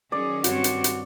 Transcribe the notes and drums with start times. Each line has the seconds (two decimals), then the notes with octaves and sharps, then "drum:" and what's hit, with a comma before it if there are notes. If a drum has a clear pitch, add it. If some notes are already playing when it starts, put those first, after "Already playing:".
0.12 D#3 F#3 C#4 G#4 D5
0.44 G2 C4 F#4 C#5, drum: hi-hat
0.64 drum: hi-hat
0.84 drum: hi-hat